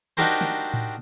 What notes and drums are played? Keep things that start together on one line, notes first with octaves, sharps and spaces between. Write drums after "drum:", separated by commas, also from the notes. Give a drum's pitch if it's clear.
D4 D#4 F#4 G4 A#4 C5
drum: snare
drum: tom A2